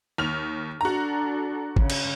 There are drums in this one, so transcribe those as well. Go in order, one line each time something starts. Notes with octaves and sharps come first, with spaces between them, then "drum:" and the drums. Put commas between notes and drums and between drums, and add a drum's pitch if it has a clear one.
D#2 F6 F7
D4 F#4 A4 A#5
C#3, drum: kick G#1
drum: cymbal